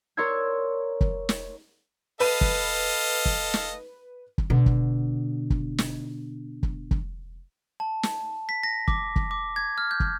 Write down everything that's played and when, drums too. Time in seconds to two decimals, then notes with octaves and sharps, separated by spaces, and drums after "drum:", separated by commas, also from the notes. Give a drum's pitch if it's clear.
0.17 A#4 C#5 D5 C6 E6 G#6
1.01 drum: kick
1.29 drum: snare
2.20 A4 B4 D#5 F5 D#7
2.41 drum: kick
3.25 drum: kick
3.54 drum: snare
4.38 drum: kick
4.50 B2 D3
4.66 drum: kick
5.50 drum: kick
5.78 drum: snare
6.63 drum: kick
6.91 drum: kick
7.80 A5
8.03 drum: snare
8.49 B6
8.63 A#6
8.88 D6, drum: kick
9.16 drum: kick
9.31 D6
9.56 G#6
9.78 F6
9.91 G6
10.00 drum: kick